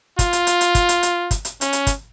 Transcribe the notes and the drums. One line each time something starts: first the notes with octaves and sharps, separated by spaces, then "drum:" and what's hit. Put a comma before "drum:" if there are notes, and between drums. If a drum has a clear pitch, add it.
F4, drum: kick, hi-hat
drum: hi-hat
drum: hi-hat
drum: hi-hat
drum: kick, hi-hat
drum: hi-hat
drum: hi-hat
drum: kick, hi-hat
drum: hi-hat
C#4, drum: hi-hat
drum: hi-hat
drum: kick, hi-hat